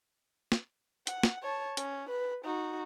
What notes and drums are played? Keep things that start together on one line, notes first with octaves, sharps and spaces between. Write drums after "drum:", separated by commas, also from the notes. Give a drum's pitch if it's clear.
drum: snare
F#5, drum: hi-hat
drum: snare
C#5 A5
C#4, drum: hi-hat
B4
D#4 F#4